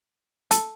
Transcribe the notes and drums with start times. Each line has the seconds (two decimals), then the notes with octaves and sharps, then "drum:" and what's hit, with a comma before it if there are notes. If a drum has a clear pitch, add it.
0.51 A4, drum: hi-hat